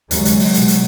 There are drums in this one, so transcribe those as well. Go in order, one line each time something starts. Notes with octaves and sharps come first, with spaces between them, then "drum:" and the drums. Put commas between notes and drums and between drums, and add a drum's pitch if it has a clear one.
D#2 C#3 F#3 G#3, drum: hi-hat
drum: hi-hat
drum: open hi-hat
C2 B2, drum: hi-hat
drum: hi-hat